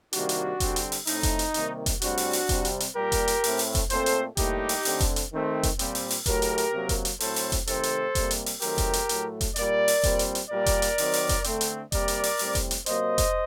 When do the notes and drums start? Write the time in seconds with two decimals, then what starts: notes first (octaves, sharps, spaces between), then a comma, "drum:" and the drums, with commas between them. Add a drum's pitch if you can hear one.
0.13 C3 D#3 G3 A#3 D4 F#4, drum: hi-hat
0.29 drum: hi-hat
0.60 D3 G3 C4, drum: kick F1, hi-hat
0.76 drum: hi-hat
0.92 drum: open hi-hat
1.07 A2 A3 C4 D#4, drum: open hi-hat
1.23 drum: kick F1, hi-hat
1.39 drum: hi-hat
1.54 C3 D#3 G3 A#3, drum: hi-hat
1.86 drum: kick F1, hi-hat
2.02 A2 G3 C4 D4 F#4, drum: hi-hat
2.18 drum: open hi-hat
2.33 drum: open hi-hat
2.49 C3 G3 C4, drum: kick F1, hi-hat
2.65 drum: hi-hat
2.80 drum: hi-hat
2.96 A#2 G3 A#3 G4 A#4
3.12 drum: kick F1, hi-hat
3.28 drum: hi-hat
3.44 A2 A3 C4, drum: open hi-hat
3.59 drum: open hi-hat
3.75 drum: kick F1, hi-hat
3.90 A#2 A3 C4 A4 C5, drum: hi-hat
4.06 drum: hi-hat
4.37 A2 G3 A#3 D#4 G4, drum: kick F1, hi-hat
4.69 drum: open hi-hat
4.85 D3 A3 C4, drum: open hi-hat
5.00 drum: kick F1, hi-hat
5.16 drum: hi-hat
5.32 D#3 A3 C4
5.63 drum: kick F1, hi-hat
5.79 A#2 G3 C4, drum: hi-hat
5.95 drum: open hi-hat
6.10 drum: open hi-hat
6.26 A2 F#3 A3 G4 A#4, drum: kick F1, hi-hat
6.42 drum: hi-hat
6.58 drum: hi-hat
6.73 C3 F#3 A#3
6.89 drum: kick F1, hi-hat
7.05 drum: hi-hat
7.20 A2 F#3 C4 A4 C5, drum: open hi-hat
7.36 drum: open hi-hat
7.52 drum: kick F1, hi-hat
7.67 C3 D#3 A3 C4 A4 C5, drum: hi-hat
7.83 drum: hi-hat
8.15 C3 G3 A#3, drum: kick F1, hi-hat
8.31 drum: hi-hat
8.46 drum: open hi-hat
8.62 D#3 F#3 A3 C4 G4 A#4, drum: open hi-hat
8.78 drum: kick F1, hi-hat
8.93 drum: hi-hat
9.09 A2 F#3 A3, drum: hi-hat
9.41 drum: kick F1, hi-hat
9.56 A#2 G3 A#3 A#4 D5, drum: hi-hat
9.88 drum: open hi-hat
10.03 A#2 G3 C4, drum: kick F1, hi-hat
10.19 drum: hi-hat
10.35 drum: hi-hat
10.50 A#2 G3 A#3 A#4 D5
10.66 drum: kick F1, hi-hat
10.82 drum: hi-hat
10.98 D#3 F#3 C4, drum: open hi-hat
11.14 drum: open hi-hat
11.29 drum: kick F1, hi-hat
11.44 D3 A3 C4, drum: hi-hat
11.61 drum: hi-hat
11.92 C3 G3 A#3 A#4 D5, drum: kick F1, hi-hat
12.08 drum: hi-hat
12.24 drum: open hi-hat
12.39 A2 G3 C4, drum: open hi-hat
12.55 drum: kick F1, hi-hat
12.71 drum: hi-hat
12.86 C3 F#3 A#3 C5 D#5, drum: hi-hat
13.18 drum: kick F1, hi-hat